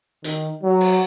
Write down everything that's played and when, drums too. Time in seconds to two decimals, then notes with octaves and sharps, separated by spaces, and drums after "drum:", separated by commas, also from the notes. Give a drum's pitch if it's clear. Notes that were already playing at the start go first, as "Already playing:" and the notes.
0.24 D#3, drum: hi-hat
0.63 F#3
0.81 drum: open hi-hat